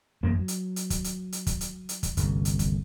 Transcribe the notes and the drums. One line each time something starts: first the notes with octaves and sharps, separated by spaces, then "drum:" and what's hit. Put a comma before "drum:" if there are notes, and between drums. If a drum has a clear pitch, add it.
A1 F#2 A#3 B3
F#3
drum: hi-hat
drum: hi-hat
drum: kick, hi-hat
drum: hi-hat
drum: hi-hat
drum: kick, hi-hat
drum: hi-hat
drum: hi-hat
drum: kick, hi-hat
G1 C2, drum: hi-hat
drum: hi-hat
drum: kick, hi-hat